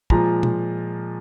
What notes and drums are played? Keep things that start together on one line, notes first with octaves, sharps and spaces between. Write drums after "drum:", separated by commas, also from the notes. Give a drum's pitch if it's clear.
A#2 F3 G#3 A#5, drum: kick
drum: tom B2